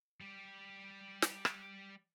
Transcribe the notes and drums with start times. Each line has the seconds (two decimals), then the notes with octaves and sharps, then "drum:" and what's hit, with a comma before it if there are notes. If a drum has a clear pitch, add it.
0.21 G3 G4
1.22 drum: snare
1.45 drum: rim click